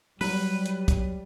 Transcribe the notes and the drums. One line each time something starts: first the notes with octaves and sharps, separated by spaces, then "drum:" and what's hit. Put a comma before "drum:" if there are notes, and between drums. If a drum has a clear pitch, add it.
F#3 G3 B4, drum: open hi-hat
drum: hi-hat
drum: kick, hi-hat